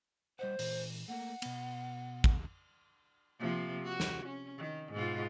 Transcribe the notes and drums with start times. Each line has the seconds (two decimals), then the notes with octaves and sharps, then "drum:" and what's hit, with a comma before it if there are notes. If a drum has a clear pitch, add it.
0.39 G3 C5 D#5 F#5
0.59 A#2 E3, drum: open hi-hat
1.08 A3 A#3 A#4 F#5
1.42 B2 B3, drum: cymbal
2.24 drum: kick
3.40 C3 F3 A#3
3.83 F#4
4.00 drum: snare
4.26 C#4
4.58 D#3
4.92 G#2 B2 F4